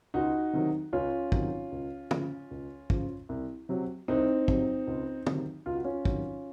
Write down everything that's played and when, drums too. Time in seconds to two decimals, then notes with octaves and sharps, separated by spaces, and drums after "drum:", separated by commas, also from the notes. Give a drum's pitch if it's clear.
0.14 C#2 D#4 F#4
0.53 C3 D#3 F#3
0.93 C#2 C#4 F4
1.32 C3 D#3 F#3, drum: kick
1.72 C#2
2.11 C#3 F3, drum: tom
2.51 C#2
2.90 C#3 F3, drum: kick
3.29 C2
3.69 C3 F#3
4.08 C2 C4 D#4
4.48 C3 F#3, drum: kick
4.87 C#2
5.26 C3 D#3 F#3, drum: tom
5.66 C#2 F4
5.75 F#4
5.84 C#4 F4
6.05 C3 D#3 F#3, drum: kick